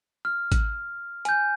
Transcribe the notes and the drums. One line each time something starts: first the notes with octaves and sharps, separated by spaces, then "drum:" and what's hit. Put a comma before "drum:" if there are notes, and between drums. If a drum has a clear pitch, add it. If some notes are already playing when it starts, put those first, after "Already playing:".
F6
drum: kick G#1, hi-hat
G#5 G6, drum: hi-hat